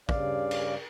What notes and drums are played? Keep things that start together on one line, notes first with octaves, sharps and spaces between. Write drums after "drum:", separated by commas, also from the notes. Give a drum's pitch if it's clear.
G2 C#3 D5 F5, drum: kick
drum: cymbal